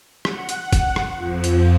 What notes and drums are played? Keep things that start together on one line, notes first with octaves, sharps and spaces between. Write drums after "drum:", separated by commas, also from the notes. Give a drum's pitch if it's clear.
F#5, drum: rim click
drum: hi-hat
drum: kick F#1, hi-hat
drum: rim click
F2 F3
drum: hi-hat